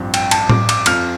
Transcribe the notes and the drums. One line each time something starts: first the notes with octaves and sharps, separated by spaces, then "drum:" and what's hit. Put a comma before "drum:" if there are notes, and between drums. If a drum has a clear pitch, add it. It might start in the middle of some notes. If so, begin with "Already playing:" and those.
Already playing: A1 G2 F3 C4
G5, drum: cymbal
A5, drum: cymbal
D6, drum: tom A2
D6, drum: cymbal
F2 F3 C4 F6, drum: cymbal